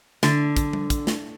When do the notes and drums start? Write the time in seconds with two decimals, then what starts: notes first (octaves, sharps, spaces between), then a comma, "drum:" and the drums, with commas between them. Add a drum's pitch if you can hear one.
0.23 D3, drum: snare
0.57 drum: kick, hi-hat
0.73 drum: tom G3
0.90 drum: kick, hi-hat
1.07 drum: snare